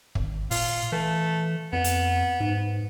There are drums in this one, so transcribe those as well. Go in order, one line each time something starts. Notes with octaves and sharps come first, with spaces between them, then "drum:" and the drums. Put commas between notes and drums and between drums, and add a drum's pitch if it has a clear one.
G#1, drum: kick
A#2 F4, drum: open hi-hat
E3 A3
F2 B3
drum: hi-hat
G#2